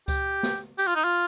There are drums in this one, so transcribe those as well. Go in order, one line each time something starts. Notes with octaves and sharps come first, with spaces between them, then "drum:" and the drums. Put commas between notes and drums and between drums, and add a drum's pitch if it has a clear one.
G4, drum: kick C#2, tambourine
drum: snare
G4, drum: tambourine
F4
D#4
F4